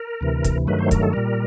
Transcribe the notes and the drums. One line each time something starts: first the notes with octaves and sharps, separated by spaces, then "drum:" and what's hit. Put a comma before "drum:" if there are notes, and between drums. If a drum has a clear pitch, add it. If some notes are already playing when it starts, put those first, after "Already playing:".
Already playing: A#4
D2 C3 E3
drum: kick, hi-hat
G2 D#3 F#3 A3 B4
C5
A#4, drum: kick, hi-hat
A4
A#2 G3 A#4